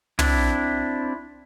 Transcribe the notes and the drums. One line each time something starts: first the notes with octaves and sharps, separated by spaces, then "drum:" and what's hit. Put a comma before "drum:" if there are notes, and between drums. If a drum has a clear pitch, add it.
C4 D4 E4, drum: tom